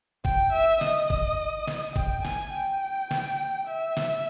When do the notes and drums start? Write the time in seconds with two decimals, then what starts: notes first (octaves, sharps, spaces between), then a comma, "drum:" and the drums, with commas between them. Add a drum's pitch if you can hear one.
0.25 G5, drum: kick G1
0.53 E5
0.81 D#5, drum: snare
1.10 drum: kick G1
1.67 drum: snare
1.96 G5, drum: kick G1
2.25 G#5, drum: snare
2.53 G5
3.11 drum: snare
3.67 E5
3.97 drum: snare